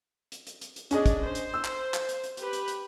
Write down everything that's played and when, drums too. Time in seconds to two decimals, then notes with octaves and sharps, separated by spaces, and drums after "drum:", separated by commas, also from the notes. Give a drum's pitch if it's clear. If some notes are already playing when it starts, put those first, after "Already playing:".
0.32 drum: hi-hat
0.47 drum: hi-hat
0.61 drum: hi-hat
0.76 drum: hi-hat
0.91 C#4 D4 G#4 D#5, drum: hi-hat
1.06 drum: kick, hi-hat
1.24 C5
1.35 drum: hi-hat
1.54 E6
1.65 drum: clap
1.94 drum: clap
2.09 drum: hi-hat
2.24 drum: hi-hat
2.37 G4 B4, drum: hi-hat
2.53 drum: hi-hat
2.68 drum: hi-hat